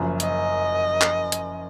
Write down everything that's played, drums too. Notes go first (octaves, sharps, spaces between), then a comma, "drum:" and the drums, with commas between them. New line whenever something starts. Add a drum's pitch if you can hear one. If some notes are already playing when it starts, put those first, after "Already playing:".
Already playing: F#1 F#2 F3
D#5, drum: hi-hat
drum: clap
drum: hi-hat